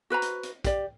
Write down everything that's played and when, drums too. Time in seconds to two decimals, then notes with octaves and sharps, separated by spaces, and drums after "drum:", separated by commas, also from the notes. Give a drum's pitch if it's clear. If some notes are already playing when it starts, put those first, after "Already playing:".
0.10 F#4 B4 C5 A#5
0.22 drum: hi-hat
0.43 drum: hi-hat
0.64 G4 D5, drum: kick, hi-hat